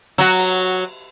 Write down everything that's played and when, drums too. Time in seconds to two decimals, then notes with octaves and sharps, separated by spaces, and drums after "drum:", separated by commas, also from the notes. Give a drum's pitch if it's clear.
0.18 F#3 F#4, drum: cymbal
0.40 drum: cymbal